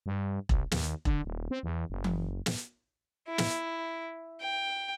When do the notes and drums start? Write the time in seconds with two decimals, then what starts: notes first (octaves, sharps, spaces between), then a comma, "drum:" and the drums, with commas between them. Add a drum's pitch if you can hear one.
0.06 G2
0.49 C2, drum: kick E1
0.71 D#2, drum: snare
1.05 D3, drum: kick E1
1.25 D#1
1.51 C4
1.63 E2
1.90 F#1
2.04 drum: tom E3
2.46 drum: snare
3.28 E4
3.38 drum: snare
4.40 G5